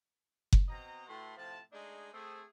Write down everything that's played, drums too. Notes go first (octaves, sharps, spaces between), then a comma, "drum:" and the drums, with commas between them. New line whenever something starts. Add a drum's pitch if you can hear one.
drum: kick F#1
B2 C4 D#5 A#5
A2 A3 F#4 B4 E5 C6
A2 C3 F3 F4 A5
G#3 A3 D4 D#4 G#4
A3 C4 G#4